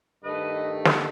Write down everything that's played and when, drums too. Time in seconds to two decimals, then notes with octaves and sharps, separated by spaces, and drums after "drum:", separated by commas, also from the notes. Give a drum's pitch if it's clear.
0.24 G2 D#3 A3 B4 D#5
0.85 drum: snare